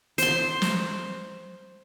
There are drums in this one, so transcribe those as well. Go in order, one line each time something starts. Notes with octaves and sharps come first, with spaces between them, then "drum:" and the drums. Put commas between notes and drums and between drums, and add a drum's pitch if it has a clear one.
C5 C6, drum: hi-hat
drum: snare